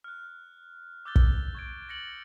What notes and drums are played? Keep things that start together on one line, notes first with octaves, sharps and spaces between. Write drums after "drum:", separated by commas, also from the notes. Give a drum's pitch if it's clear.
F6 F#6
D6 E6 F#6 G6 A6 G7
drum: kick
C#6 G#6 D7
A6 A#6 C#7 F#7